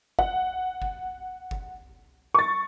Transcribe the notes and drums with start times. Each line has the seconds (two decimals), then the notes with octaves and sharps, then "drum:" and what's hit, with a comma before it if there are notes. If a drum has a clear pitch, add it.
0.19 F#5, drum: kick F#1
0.82 drum: kick F#1
1.51 drum: kick F#1
2.34 C#6 A6